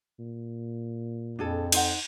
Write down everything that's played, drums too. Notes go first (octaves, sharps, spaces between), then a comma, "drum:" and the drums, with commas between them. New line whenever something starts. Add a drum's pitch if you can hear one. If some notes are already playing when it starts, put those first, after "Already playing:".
A#2
F2 D4 G#4 A4
D#4 C5 F#5, drum: cymbal